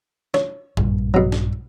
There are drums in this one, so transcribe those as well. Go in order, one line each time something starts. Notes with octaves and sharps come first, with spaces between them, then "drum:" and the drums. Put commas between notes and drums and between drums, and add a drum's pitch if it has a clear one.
C#5, drum: snare
A#1 G2, drum: tom F#2
B2 F#3
drum: snare